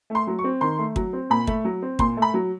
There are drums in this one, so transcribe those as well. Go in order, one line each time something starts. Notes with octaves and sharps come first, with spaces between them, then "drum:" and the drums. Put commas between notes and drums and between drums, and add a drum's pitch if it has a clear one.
A3
C6
F#3
C#6
C4
D#3 C6
A3
F#3, drum: kick
C4
A#2 B5
A3, drum: kick
F#3
C4
A#2 C6, drum: kick
A3
B5
F#3